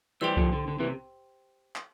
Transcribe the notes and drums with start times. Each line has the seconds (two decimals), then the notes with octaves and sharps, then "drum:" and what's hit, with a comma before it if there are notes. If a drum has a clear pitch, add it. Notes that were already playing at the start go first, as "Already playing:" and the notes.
0.21 E3 G3 G4 C5 G5 C6 E6
0.37 D3 F3, drum: kick C2
0.53 D3
0.68 D3
0.79 C3 E3
1.76 drum: clap